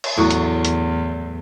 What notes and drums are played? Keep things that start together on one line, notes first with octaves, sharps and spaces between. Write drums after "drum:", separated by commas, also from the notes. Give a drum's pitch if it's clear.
drum: cymbal
E2 A2 F#3 F#4
drum: hi-hat
drum: hi-hat